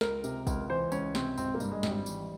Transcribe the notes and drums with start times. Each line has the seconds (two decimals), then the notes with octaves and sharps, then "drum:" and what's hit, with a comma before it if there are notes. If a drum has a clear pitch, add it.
0.01 C#2 A#4, drum: snare
0.24 C3, drum: tambourine
0.47 C#2, drum: kick, tambourine
0.69 E3 C5
0.92 C#2 C#4, drum: tambourine
1.15 C3 C4, drum: snare
1.38 G#1 C4, drum: tambourine
1.54 A#3
1.60 G2, drum: tambourine
1.72 G#3
1.83 G#1, drum: snare
1.89 G3
2.06 E3, drum: tambourine